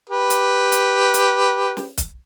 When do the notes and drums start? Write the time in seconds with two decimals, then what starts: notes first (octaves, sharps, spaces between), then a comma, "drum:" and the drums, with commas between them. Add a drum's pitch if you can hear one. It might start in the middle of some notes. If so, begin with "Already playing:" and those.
0.09 G4 B4
0.30 drum: hi-hat
0.72 drum: hi-hat
1.14 drum: hi-hat
1.77 drum: snare
1.98 drum: kick, hi-hat